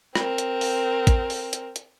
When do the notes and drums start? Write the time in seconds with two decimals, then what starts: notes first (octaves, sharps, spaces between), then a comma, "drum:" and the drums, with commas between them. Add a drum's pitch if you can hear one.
0.15 C4 A#4, drum: rim click
0.38 drum: hi-hat
0.61 drum: open hi-hat
1.07 drum: kick, hi-hat
1.30 drum: open hi-hat
1.53 drum: hi-hat
1.76 drum: hi-hat